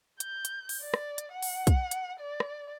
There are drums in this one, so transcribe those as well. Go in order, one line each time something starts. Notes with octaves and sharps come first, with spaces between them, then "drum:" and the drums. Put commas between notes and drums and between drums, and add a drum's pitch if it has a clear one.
G6, drum: hi-hat
drum: hi-hat
drum: open hi-hat
D5
drum: rim click
drum: hi-hat
F#5
drum: open hi-hat
drum: kick, hi-hat
drum: hi-hat
D5
drum: rim click